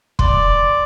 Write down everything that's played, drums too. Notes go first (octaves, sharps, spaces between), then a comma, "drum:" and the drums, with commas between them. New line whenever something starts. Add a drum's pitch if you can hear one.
D5 C6, drum: kick